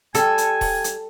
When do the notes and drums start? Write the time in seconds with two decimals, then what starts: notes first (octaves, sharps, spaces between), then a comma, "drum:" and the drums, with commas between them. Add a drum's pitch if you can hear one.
0.15 G3 A4 G#5, drum: hi-hat
0.38 drum: hi-hat
0.61 drum: kick D#1, open hi-hat
0.84 drum: hi-hat